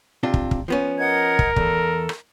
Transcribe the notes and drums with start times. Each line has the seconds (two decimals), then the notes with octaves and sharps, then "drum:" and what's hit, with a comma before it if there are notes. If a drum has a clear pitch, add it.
0.23 C3 D4 F4
0.34 drum: kick
0.51 drum: kick
0.68 F3 B3 C#4
0.99 A#4 D#5 F#5 G#6
1.39 drum: kick
1.56 E2 A4, drum: kick
2.09 drum: rim click